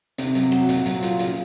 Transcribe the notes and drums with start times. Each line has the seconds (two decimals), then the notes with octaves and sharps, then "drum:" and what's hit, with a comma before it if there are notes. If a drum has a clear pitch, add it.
0.18 C3, drum: hi-hat
0.35 F#3, drum: hi-hat
0.52 F#4, drum: rim click
0.69 A#2, drum: hi-hat
0.86 F#3, drum: hi-hat
1.03 F4, drum: hi-hat
1.19 C#3, drum: hi-hat